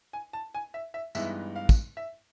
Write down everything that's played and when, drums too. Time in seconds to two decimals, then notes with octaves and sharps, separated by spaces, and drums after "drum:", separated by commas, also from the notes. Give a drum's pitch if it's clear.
0.13 G#5
0.33 A5
0.55 G#5
0.74 E5
0.94 E5
1.15 G2 E3 G#3 B3 D#4 E5, drum: tambourine
1.56 F5
1.69 drum: kick, tambourine
1.97 E5